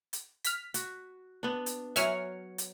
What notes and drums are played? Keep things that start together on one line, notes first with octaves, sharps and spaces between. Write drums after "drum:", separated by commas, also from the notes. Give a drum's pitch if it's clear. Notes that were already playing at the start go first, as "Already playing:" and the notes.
drum: hi-hat
F6 B6, drum: hi-hat
F#4, drum: hi-hat
B3 D4
drum: hi-hat
F#3 C#5 E5 F#5 G#5 F6, drum: hi-hat
drum: hi-hat